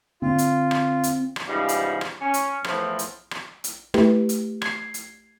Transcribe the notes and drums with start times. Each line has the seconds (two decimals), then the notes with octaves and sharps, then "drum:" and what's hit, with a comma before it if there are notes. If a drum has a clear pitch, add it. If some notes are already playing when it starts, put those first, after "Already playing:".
0.22 D3 C4 F4
0.38 drum: hi-hat
0.71 drum: rim click
1.03 drum: hi-hat
1.36 drum: rim click
1.47 G#2 C#3 E3 F3 G3 D#4
1.69 drum: hi-hat
2.01 drum: rim click
2.21 C#4
2.34 drum: hi-hat
2.64 E2 A2 F3, drum: rim click
2.99 drum: hi-hat
3.31 drum: rim click
3.64 drum: hi-hat
3.94 A3 E4 G4 B4, drum: rim click
4.29 drum: hi-hat
4.62 G#6 C7, drum: rim click
4.94 drum: hi-hat